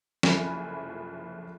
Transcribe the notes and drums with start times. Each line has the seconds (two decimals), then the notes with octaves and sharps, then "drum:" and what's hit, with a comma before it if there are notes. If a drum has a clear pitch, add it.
0.23 F#1 C2 F3 A4 G#5 B5, drum: snare